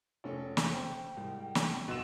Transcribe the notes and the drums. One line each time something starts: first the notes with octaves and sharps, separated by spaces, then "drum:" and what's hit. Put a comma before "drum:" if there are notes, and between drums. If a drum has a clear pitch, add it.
F1 C#4 A4
drum: snare
C5 G5
C2 G#2
drum: snare
B2 D#4 C6 E6 E7